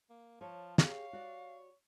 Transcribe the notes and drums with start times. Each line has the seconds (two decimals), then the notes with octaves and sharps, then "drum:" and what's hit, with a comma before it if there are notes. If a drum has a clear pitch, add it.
0.10 A#3
0.41 F3 C#5 A5
0.78 G4 G#4 C#5 F5, drum: snare
1.13 F#4 D5